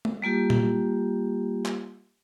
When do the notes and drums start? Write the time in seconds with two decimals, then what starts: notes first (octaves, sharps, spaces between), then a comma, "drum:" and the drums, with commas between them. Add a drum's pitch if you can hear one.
0.05 drum: tom
0.22 G3 A#3 F4 G4
0.50 drum: tom A#2
1.66 drum: clap